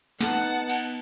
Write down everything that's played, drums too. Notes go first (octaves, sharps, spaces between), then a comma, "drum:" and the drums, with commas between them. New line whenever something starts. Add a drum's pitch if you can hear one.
B3 D#4 F#5 A5, drum: snare
drum: cymbal